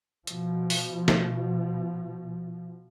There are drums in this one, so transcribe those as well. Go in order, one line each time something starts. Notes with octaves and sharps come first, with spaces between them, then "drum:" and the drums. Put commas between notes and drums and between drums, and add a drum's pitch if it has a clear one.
B2 F3, drum: hi-hat
drum: open hi-hat
drum: snare